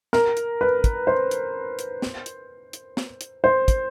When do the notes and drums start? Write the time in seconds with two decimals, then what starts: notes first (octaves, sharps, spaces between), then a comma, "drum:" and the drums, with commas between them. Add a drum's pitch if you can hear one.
0.13 A#4, drum: snare
0.37 drum: hi-hat
0.61 B4
0.84 drum: kick, hi-hat
1.07 C5
1.31 drum: hi-hat
1.79 drum: hi-hat
2.02 drum: snare
2.26 drum: hi-hat
2.73 drum: hi-hat
2.97 drum: snare
3.21 drum: hi-hat
3.44 C5
3.68 drum: kick, hi-hat